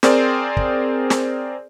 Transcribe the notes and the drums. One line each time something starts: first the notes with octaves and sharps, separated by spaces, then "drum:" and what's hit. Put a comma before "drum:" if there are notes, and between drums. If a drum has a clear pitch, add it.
C4 G#4 A#4 C5 D5, drum: snare
drum: kick
drum: snare